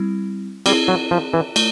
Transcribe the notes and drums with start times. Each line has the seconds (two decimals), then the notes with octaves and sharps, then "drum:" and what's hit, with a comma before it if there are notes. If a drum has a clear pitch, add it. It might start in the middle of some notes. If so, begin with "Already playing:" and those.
Already playing: G3 C4 E4
0.66 G3 C4 E4 G#4, drum: cymbal
0.88 F#3
1.11 F3
1.34 E3
1.56 A3, drum: cymbal